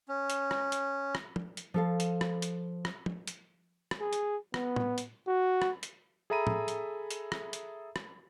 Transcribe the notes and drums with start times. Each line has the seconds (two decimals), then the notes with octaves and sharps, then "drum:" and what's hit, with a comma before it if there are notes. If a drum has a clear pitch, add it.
0.08 C#4
0.30 drum: hi-hat
0.51 drum: rim click
0.72 drum: hi-hat
1.15 drum: rim click
1.36 drum: tom
1.57 drum: hi-hat
1.74 F3 A4 F5
2.00 drum: hi-hat
2.21 drum: rim click
2.42 drum: hi-hat
2.85 drum: rim click
3.06 drum: tom
3.27 drum: hi-hat
3.91 drum: rim click
4.01 G#4
4.13 drum: hi-hat
4.54 B3, drum: rim click
4.76 drum: tom
4.98 drum: hi-hat
5.28 F#4
5.62 drum: rim click
5.83 drum: hi-hat
6.30 G#4 A4 E5 A#5 B5 D#7
6.47 drum: tom
6.68 drum: hi-hat
7.11 drum: hi-hat
7.32 drum: rim click
7.53 drum: hi-hat
7.96 drum: rim click